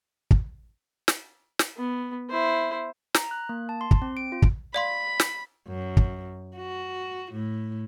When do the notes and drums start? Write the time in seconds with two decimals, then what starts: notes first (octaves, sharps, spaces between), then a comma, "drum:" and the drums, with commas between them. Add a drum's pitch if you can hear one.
0.31 drum: kick
1.08 drum: snare
1.59 drum: snare
1.77 B3
2.30 E4 C5
3.14 A#5, drum: snare
3.31 F#6
3.49 A#3
3.69 A5
3.81 C6
3.91 drum: kick
4.02 C4
4.17 D7
4.32 F4
4.42 drum: kick
4.74 D5 F5 B5 C6
5.20 drum: snare
5.68 F#2
5.97 drum: kick
6.56 F#4
7.32 A2